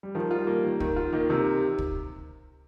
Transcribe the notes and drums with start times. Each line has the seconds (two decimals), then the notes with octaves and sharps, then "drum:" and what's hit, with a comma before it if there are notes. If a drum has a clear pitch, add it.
0.03 G3
0.15 D#3 F3
0.31 G3 F4
0.47 A#3
0.64 D#3
0.80 D#3, drum: kick
0.96 F4
1.13 D#3 A#3
1.30 C3 D#3
1.78 drum: kick